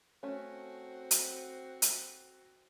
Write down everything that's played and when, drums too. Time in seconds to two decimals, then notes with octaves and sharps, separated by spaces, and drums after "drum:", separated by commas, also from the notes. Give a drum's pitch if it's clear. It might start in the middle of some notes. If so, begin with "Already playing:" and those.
0.23 A3 C4 C#4 F#4
1.11 drum: hi-hat
1.82 drum: hi-hat